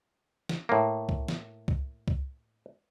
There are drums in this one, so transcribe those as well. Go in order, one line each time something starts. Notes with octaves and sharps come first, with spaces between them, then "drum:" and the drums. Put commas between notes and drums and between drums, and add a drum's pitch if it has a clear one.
drum: snare
A2 A#3
drum: kick C2
drum: snare
drum: kick C2
drum: kick C2